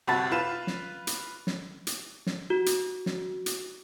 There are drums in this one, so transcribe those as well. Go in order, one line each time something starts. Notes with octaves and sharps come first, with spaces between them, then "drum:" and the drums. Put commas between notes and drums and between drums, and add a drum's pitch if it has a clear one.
G1 C3 F#4 A5 B5 A6
F4 B4 E7
drum: snare
drum: hi-hat
drum: snare
drum: hi-hat
drum: snare
F#4
drum: hi-hat
drum: snare
drum: hi-hat